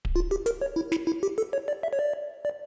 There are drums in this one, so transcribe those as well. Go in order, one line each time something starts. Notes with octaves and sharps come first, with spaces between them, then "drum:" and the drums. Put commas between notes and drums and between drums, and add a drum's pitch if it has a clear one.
drum: kick D1
F4
G4
A#4, drum: hi-hat
C#5
E4
E4, drum: snare
E4
G4
A4
C#5
D5
E5
C#5
D5
D5